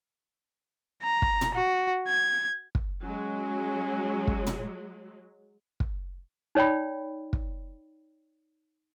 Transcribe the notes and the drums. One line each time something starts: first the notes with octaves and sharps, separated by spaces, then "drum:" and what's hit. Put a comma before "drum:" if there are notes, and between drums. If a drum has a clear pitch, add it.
A#5
drum: kick
drum: tom
F#4
G#6
drum: kick
F#3 G#3 C#4
drum: kick
drum: tom
drum: kick
D#4 C#5 D5 G5 B5
drum: kick